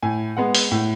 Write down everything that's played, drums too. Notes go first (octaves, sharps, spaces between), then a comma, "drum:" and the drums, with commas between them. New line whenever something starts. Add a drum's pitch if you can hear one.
A2 G#5
G#3 B3 F#5
drum: open hi-hat
A2